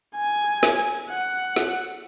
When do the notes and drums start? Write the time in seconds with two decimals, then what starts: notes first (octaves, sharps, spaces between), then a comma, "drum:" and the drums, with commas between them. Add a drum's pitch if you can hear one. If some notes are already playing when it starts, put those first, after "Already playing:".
0.16 G#5
0.63 drum: snare
1.10 F#5
1.56 drum: snare